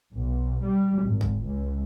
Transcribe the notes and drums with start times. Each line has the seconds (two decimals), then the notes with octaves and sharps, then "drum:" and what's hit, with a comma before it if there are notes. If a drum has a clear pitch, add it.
0.13 B1
0.64 G3
1.03 G#1
1.21 drum: kick
1.44 C#2